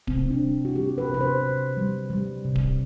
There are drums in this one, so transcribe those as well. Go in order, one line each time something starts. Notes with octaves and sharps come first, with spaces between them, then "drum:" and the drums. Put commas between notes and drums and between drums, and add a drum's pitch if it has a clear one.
C3 C4, drum: kick D1
C4
D4
G3
F#4
G3 G4
B4
C3 B4
C5
C3
G3
G3
C3
drum: kick D1